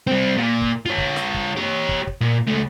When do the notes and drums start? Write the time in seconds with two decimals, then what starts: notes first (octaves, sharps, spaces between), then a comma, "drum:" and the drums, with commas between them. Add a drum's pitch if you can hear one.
0.07 G3 C4
0.37 A#2
0.62 drum: kick
0.86 F4 C#5
0.98 drum: kick
1.16 drum: snare
1.34 drum: kick
1.56 G4 C#5
1.89 drum: kick
2.07 drum: kick
2.21 A#2
2.47 C#2 A3